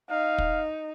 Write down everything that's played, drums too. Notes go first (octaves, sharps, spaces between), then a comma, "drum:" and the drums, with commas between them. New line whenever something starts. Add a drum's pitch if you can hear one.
D#4 F5
drum: kick